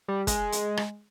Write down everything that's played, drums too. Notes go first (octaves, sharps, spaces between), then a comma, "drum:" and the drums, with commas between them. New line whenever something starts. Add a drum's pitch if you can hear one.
G3
G#3, drum: kick, hi-hat
drum: hi-hat
drum: rim click